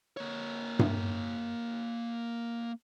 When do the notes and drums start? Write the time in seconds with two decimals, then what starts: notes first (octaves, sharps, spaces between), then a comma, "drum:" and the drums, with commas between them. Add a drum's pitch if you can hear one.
0.17 A#3 C#5
0.79 drum: tom G2